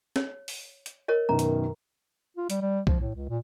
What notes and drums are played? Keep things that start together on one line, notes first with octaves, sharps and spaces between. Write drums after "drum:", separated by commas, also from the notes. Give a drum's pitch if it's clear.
C#5, drum: snare
drum: open hi-hat
drum: hi-hat
A#4 C#5 D#5
F#2 B2 D#3 A#5
drum: hi-hat
F4
G3, drum: hi-hat
G3
F3, drum: kick B1
A2
C#2
A#2